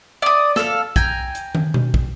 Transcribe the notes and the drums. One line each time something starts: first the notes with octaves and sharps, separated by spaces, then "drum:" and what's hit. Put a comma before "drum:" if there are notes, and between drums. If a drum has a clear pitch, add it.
D5 D#6
A4 F5, drum: snare
G5 G#5 A#5, drum: kick, hi-hat
drum: hi-hat
drum: tom
drum: tom B2
drum: kick